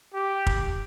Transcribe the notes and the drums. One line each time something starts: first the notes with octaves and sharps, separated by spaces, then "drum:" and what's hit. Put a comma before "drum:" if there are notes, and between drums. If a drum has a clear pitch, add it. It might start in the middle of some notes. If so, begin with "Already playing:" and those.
G4
drum: kick